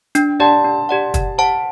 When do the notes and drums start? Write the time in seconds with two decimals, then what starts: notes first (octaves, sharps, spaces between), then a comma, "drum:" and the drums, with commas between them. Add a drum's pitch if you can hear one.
0.15 D4, drum: hi-hat
0.40 G4 D5 F#5 A5 C6
0.65 D4
0.89 G4 D5 F#5
1.14 G4, drum: kick, hi-hat
1.38 C5 F#5 A5